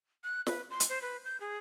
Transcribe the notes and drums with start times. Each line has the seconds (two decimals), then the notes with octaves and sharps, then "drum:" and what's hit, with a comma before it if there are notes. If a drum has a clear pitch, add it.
0.24 F#6
0.47 B4, drum: snare
0.70 C6
0.80 drum: hi-hat
0.89 C5
1.02 B4
1.25 G6
1.40 G#4